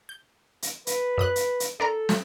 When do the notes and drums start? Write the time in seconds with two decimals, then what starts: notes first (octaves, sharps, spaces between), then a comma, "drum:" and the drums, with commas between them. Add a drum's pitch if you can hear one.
0.09 G6
0.62 drum: hi-hat
0.87 B4, drum: hi-hat
1.18 F#2 D#6 F#6
1.36 drum: hi-hat
1.60 drum: hi-hat
1.80 D4 A4 A#4 A#5
2.09 F#6, drum: snare